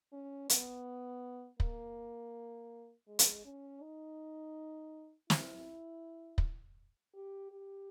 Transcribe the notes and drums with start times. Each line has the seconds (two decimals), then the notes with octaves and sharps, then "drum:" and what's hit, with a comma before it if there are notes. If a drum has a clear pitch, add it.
0.13 C#4
0.49 B3, drum: hi-hat
1.60 A#3, drum: kick
3.08 G#3
3.19 drum: hi-hat
3.45 C#4
3.82 D#4
5.30 E4, drum: snare
6.38 drum: kick
7.15 G4
7.52 G4